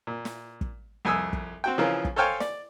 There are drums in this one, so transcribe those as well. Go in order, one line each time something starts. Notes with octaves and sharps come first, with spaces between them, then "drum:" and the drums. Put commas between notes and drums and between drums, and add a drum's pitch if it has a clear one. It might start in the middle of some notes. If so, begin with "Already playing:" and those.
A#2
drum: snare
drum: kick
C2 F2 G#5 D#6 E6
drum: kick
C4 F#4 G5
C#3 E3 F3 F4 A#4
drum: kick
A4 C5 C#5 F5 G5 G#5
D5, drum: snare